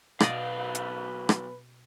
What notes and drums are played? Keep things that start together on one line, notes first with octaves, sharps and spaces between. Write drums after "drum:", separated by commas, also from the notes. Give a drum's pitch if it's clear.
B1 B2 B4 D5 D#5 F5, drum: rim click
drum: hi-hat
drum: rim click